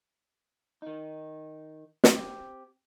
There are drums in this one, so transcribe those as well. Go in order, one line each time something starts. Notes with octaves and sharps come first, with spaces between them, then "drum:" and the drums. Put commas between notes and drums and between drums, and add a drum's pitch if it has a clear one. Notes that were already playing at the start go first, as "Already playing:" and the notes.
D#3 D#4
drum: snare
C4 G4